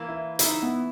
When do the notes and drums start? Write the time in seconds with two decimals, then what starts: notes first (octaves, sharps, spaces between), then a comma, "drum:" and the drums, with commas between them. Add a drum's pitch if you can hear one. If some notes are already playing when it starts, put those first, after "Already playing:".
Already playing: E3 A#3
0.08 E4
0.39 D#4 E4, drum: hi-hat
0.63 B3